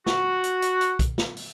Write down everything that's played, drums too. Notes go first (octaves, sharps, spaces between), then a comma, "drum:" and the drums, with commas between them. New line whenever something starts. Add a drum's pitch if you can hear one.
F#4, drum: snare
drum: hi-hat
drum: hi-hat
drum: hi-hat
drum: kick B1, hi-hat
drum: snare
drum: open hi-hat